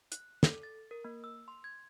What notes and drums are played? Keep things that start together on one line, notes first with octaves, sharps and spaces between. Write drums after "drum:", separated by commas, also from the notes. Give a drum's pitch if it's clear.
F#6, drum: hi-hat
A4, drum: snare
A6
A#4
A#3
E6
C6
G#6